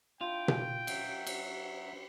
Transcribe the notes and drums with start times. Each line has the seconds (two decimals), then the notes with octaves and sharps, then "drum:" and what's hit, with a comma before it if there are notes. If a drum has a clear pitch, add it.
0.21 D4 E4 F4 G5
0.48 drum: tom B2
0.87 F#3 E5 F#5, drum: cymbal
1.27 drum: cymbal